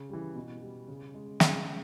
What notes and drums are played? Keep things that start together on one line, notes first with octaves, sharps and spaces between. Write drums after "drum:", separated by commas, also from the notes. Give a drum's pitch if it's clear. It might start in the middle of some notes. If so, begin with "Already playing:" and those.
Already playing: C#3
E3 G3
B2
G3
C#3
G#3
C#3 B5, drum: snare
G#3